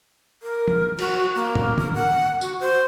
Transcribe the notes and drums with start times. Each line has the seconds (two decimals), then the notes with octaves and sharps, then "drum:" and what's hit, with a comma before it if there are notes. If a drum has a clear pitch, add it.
0.43 A#4
0.68 drum: tom
0.99 F#4, drum: cymbal
1.35 A#3
1.55 drum: tom
1.78 A#4, drum: tom
1.94 F#5
2.41 F#4, drum: tambourine
2.60 C5